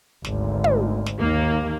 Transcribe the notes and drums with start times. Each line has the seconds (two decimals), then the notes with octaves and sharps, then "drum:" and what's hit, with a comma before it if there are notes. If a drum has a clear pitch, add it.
0.25 G#1 D2, drum: snare
0.64 drum: tom
1.06 drum: snare
1.19 D#2 A#3